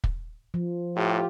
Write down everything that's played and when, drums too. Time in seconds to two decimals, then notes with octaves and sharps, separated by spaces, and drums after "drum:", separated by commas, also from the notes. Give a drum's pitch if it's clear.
0.04 drum: kick
0.54 F3
0.96 A2 F4 G4